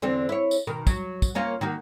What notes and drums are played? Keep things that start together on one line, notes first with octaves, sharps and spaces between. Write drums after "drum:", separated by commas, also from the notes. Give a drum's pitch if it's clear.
E2 D3 C4
E4 C#5
drum: tambourine
B2 D#3 A#4
F#3, drum: kick, tambourine
drum: kick, tambourine
A#3 C#4 F4
D#3 A#3 F#4